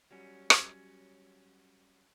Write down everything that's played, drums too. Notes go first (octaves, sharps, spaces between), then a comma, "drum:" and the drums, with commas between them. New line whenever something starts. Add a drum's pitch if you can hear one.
F#3 G3 C#4
G#6, drum: rim click